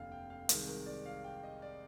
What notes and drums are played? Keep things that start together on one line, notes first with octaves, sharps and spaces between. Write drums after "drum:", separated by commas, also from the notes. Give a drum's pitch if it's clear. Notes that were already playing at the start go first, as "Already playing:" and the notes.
Already playing: F1 D#2 D3 F5 G5
G5
F5
C2 C3 D#3 G#3 A#4, drum: hi-hat
A#4
D5
F5
G5
D#5
D5